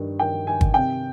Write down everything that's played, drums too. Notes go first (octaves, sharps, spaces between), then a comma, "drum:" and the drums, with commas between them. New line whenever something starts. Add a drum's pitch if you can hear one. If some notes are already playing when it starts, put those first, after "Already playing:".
Already playing: G2 D#3
D#3 G5
D#3 G#5
drum: kick
C3 G5